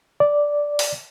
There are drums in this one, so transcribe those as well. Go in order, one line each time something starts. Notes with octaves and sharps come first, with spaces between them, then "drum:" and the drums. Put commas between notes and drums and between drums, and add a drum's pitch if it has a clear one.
D5
drum: open hi-hat